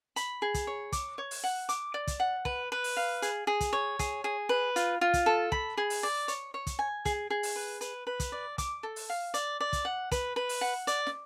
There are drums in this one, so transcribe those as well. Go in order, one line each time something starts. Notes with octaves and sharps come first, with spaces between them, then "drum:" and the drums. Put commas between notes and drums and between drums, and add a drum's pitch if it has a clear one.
B5, drum: hi-hat
G#4
drum: kick, hi-hat
C#5
D6, drum: kick, hi-hat
C#5
drum: open hi-hat
F#5
D6, drum: hi-hat
D5
drum: kick, hi-hat
F#5
B4, drum: kick
B4
drum: open hi-hat
F5
G#4, drum: hi-hat
G#4
drum: kick, hi-hat
C#5
G#4, drum: kick, hi-hat
G#4
B4
F4, drum: hi-hat
F4
drum: kick, hi-hat
A4
B5, drum: kick
G#4
drum: open hi-hat
D5
C#5, drum: hi-hat
C#5
drum: kick, hi-hat
G#5
G#4, drum: kick, hi-hat
G#4
drum: open hi-hat
B4
B4, drum: hi-hat
B4
drum: kick, hi-hat
D5
D6, drum: kick, hi-hat
A4
drum: open hi-hat
F5
D5, drum: hi-hat
D5
drum: kick, hi-hat
F#5
B4, drum: kick, hi-hat
B4
drum: open hi-hat
F#5
D5, drum: hi-hat
drum: snare